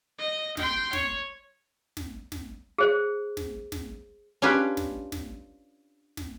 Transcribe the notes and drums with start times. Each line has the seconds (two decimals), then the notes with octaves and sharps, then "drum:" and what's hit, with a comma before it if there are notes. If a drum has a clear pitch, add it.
0.19 D#5
0.57 G5 C6, drum: snare
0.93 C#5, drum: snare
1.97 drum: snare
2.32 drum: snare
2.78 G#4 C5
3.37 drum: snare
3.72 drum: snare
4.42 C#4 D4 F4 G4 B4
4.77 drum: snare
5.12 drum: snare
6.17 drum: snare